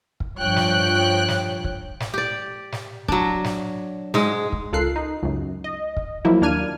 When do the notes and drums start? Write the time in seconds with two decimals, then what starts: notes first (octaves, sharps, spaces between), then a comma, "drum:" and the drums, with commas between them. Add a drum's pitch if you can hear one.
0.20 drum: kick
0.37 G2 F3 C#5 G5 F#6
0.56 drum: snare
1.28 drum: snare
1.64 drum: kick
2.00 drum: snare
2.14 G4 D5
2.72 drum: snare
3.08 F#3 D4, drum: kick
3.44 drum: snare
4.14 G#2 G#3, drum: snare
4.52 drum: kick
4.73 C#2 F4 A4 A#4 F#6 C7
4.96 D#4
5.23 C#2 F#2
5.64 D#5
5.97 drum: kick
6.25 F3 F#3 A#3 E4
6.41 D#2 A#3 D4 F6 G#6 D#7